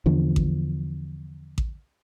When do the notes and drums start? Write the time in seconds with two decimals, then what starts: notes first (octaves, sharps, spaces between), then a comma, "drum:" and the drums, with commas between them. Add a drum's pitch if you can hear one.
0.06 E2 D3 F3
0.36 drum: kick A1
1.58 drum: kick A1